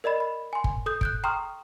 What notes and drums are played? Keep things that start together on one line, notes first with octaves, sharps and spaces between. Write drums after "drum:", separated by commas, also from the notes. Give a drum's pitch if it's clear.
A#4 D5 D#5 B5 A6
B5
G#5 C6
drum: kick G1
A4 D#6 G6
F#6 G6 D7, drum: kick G1
G5 A#5 C6 C#6 D#6 F6